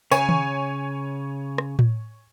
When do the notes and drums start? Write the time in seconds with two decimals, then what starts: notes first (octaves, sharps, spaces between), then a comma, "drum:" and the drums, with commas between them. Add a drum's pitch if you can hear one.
0.11 C#3 C#5 G#5, drum: tambourine
0.29 drum: tom D#3
1.58 drum: rim click
1.79 drum: tom A2